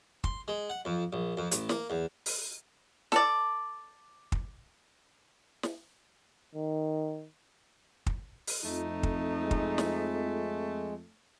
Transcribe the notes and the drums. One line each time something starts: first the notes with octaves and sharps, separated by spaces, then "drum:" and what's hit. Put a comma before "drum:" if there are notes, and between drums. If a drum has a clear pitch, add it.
C6, drum: kick
G#3
F#5
F2
A#1
F2
A1, drum: hi-hat
A#3, drum: snare
E2
drum: open hi-hat
A4 D5, drum: snare
drum: kick
drum: snare
D#3
drum: kick
drum: open hi-hat
F2 A3 D#4
drum: kick
G#3
drum: kick
drum: snare